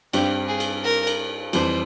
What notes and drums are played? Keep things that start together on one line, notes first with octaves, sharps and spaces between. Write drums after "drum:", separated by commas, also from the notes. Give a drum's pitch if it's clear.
G2 G3 C4 G4, drum: cymbal
G#4
drum: cymbal
A#4
drum: cymbal
F2 E3 G3 C5, drum: cymbal